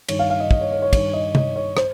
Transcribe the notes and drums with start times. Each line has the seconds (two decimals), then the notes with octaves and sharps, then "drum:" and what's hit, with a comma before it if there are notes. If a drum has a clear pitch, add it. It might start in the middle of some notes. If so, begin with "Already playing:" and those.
0.09 G2 D#3 C#5, drum: cymbal
0.19 F5
0.30 F5
0.40 D#5
0.51 D#5, drum: kick
0.61 C#5
0.72 C#5
0.82 C#5
0.93 G2 D#3 C#5, drum: kick, cymbal
1.13 D#5
1.35 D#5, drum: tom
1.56 C#5
1.77 C5, drum: rim click